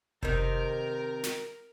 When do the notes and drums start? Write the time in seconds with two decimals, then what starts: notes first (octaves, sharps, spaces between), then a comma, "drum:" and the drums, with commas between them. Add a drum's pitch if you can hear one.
0.23 C3 D#3 A#4, drum: kick F#1
1.24 drum: snare